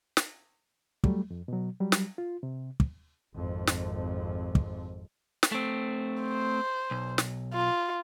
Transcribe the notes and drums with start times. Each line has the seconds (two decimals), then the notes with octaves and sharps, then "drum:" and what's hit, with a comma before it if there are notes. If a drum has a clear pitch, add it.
0.17 drum: snare
1.04 F#3 G3 A3, drum: kick
1.31 F2
1.48 B2 F#3
1.80 F#3 G3
1.92 drum: snare
2.18 F4
2.43 C3
2.80 drum: kick
3.35 G#1 F2
3.67 drum: snare
4.55 drum: kick
5.43 drum: snare
5.52 A3 C4
6.23 C5
6.91 B1
7.18 drum: snare
7.54 F4